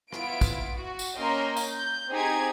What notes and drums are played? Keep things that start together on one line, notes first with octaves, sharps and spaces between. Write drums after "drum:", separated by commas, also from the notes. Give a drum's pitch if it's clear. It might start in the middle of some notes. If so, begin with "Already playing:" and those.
B3 E4 F4 D7, drum: rim click
drum: kick, tambourine
F#4
drum: tambourine
A#3 C#4 A#4 D#5 G5 C6
drum: tambourine
G6
C4 D#4 G4 G#4 A#5 G#6